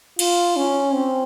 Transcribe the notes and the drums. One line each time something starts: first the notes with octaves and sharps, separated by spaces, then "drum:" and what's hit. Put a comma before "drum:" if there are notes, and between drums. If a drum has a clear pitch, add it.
F4, drum: cymbal
C#4
C4